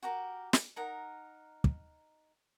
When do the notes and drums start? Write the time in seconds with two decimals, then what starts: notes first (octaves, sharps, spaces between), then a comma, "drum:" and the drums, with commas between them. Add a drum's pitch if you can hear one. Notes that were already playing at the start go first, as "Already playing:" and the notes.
0.03 F#4 G4 A#4 A#5
0.53 drum: snare
0.76 D#4 A#4 F#5
1.64 drum: kick